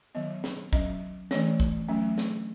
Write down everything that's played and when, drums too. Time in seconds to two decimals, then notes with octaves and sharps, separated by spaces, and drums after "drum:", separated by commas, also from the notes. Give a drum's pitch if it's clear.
0.15 D#3 F#3 B3 D#5
0.44 drum: snare
0.73 F#3 C#4 D#5, drum: kick
1.31 E3 A3 C#4 C#5, drum: snare
1.60 drum: kick
1.89 F#3 A3 C#4
2.18 drum: snare